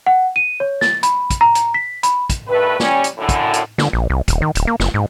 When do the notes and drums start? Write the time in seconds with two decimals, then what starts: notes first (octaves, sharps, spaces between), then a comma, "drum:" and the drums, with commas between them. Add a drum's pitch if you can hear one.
0.07 F#5
0.36 D#7
0.60 C#5
0.81 A6, drum: snare
1.03 B5, drum: hi-hat
1.30 drum: kick, hi-hat
1.41 A#5
1.55 drum: hi-hat
1.74 B6
2.03 B5, drum: hi-hat
2.30 drum: kick, hi-hat
2.47 G2 D#3 A3 B4
2.80 G3 C#4, drum: snare
3.04 drum: hi-hat
3.18 F#2 A2 D3
3.29 drum: kick, hi-hat
3.54 drum: hi-hat
3.78 D3, drum: snare
3.93 A#1
4.10 C2
4.28 D#1, drum: kick, hi-hat
4.42 D#3
4.55 D1, drum: hi-hat
4.67 A#3
4.80 F#1, drum: snare
4.94 G#2